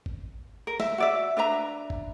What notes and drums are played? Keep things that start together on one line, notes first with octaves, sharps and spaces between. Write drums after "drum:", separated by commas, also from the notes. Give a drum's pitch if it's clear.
drum: kick
A#4
E5, drum: snare
F#4 D5 E5
D4 B4 E5 A#5
drum: kick